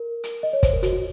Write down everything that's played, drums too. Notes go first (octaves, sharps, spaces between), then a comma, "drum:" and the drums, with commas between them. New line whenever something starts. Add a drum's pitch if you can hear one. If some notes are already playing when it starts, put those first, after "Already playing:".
Already playing: A#4
drum: hi-hat
D#5
C#5
C5, drum: kick, hi-hat
A#4
F#4, drum: hi-hat
F#4